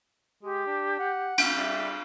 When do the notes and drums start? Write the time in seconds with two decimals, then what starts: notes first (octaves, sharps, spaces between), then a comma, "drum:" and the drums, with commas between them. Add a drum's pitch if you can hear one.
0.43 G#3 G4
0.66 D4
0.99 F#5
1.38 drum: cymbal
1.57 G3 E5